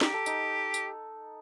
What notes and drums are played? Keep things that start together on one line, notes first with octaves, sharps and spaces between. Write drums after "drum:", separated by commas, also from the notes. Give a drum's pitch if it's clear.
G4 A#5, drum: snare
A4
D#4, drum: tambourine
drum: tambourine